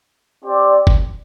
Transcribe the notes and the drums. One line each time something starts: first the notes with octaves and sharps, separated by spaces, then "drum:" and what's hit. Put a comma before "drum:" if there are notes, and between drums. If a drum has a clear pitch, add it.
C4 G4 D5
drum: kick G1